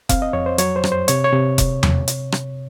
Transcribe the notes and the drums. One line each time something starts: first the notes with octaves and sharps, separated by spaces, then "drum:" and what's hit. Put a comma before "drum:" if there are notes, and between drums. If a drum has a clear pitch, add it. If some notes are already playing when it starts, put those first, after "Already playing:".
C4 F5, drum: kick F1, hi-hat
D#5
F2 C#5
C5
F#3 C#5, drum: hi-hat
C5
F#2, drum: rim click
C5
C3 C#5, drum: hi-hat
C#5
C3
drum: kick F1, hi-hat
drum: tom E2
drum: hi-hat
drum: rim click